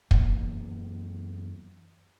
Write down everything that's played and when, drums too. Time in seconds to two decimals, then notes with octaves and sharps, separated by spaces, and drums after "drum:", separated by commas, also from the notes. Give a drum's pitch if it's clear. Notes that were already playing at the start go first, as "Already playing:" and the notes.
0.11 F#2 E3 A#3 B3, drum: kick